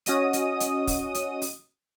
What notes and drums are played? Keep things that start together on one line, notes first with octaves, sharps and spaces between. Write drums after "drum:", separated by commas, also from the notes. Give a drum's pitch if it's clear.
C#4 F#4 D#5 D#6 D#7, drum: hi-hat
drum: hi-hat
drum: hi-hat
drum: kick, open hi-hat
drum: hi-hat
drum: open hi-hat